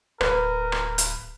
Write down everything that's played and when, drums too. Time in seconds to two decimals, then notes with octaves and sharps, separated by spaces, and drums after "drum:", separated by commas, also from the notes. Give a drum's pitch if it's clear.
0.21 D1 A#4 B4, drum: rim click
0.72 drum: rim click
0.98 drum: hi-hat